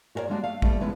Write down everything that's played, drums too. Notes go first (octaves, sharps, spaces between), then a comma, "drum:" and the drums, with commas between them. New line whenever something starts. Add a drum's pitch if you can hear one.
F#4 G#4 A#4 B4 C#5 D5
G3 G#3 A#3 D4 F#4
A3 F5
B2 G3 A3 E4, drum: kick
C#3 F3 G#3 B3 E4 B4